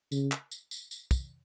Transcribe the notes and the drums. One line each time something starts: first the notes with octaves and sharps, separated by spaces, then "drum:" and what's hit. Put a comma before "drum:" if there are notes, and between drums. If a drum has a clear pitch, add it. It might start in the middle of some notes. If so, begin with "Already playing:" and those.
C#3, drum: tambourine
drum: clap
drum: tambourine
drum: tambourine
drum: tambourine
drum: kick, tambourine